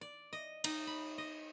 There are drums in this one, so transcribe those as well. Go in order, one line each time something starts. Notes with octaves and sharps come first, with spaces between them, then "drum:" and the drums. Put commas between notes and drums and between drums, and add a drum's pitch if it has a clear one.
D5
D#5
D#4, drum: cymbal
B5
D#5